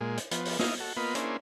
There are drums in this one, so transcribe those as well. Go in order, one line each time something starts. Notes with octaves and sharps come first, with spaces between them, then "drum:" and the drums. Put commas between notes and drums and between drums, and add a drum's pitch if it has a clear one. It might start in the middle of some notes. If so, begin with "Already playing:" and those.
A#2 G#3
drum: hi-hat
F3 B3, drum: hi-hat
drum: open hi-hat
D#4 E4 D#5 F5, drum: snare
F#4 A4
A#3 B3 F4 D#5 B5
A#3 C#4 D4 E4 G#4 C5, drum: hi-hat